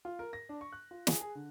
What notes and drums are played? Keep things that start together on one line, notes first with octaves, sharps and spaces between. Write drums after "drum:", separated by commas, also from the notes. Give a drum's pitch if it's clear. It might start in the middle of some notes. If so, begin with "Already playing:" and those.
F4
A#4
A#6
D4
C#6
F#6
F4
G#4, drum: snare
G#4
D3